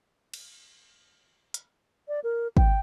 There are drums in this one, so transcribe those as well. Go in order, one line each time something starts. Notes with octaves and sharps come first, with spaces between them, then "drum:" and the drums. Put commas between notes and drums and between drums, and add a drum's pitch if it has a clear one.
drum: cymbal
drum: hi-hat
D5
A#4
G5, drum: kick G#1